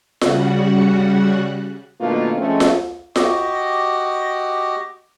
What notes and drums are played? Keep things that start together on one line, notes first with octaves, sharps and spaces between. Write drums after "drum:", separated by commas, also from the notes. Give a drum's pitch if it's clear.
C#3 G3 F#4 F#5, drum: snare F4
B2 D#3 A3 A#3 D4 F4
F3 G#3 A3 C4 C#4
drum: snare F4
F#4 G4 D#5, drum: snare F4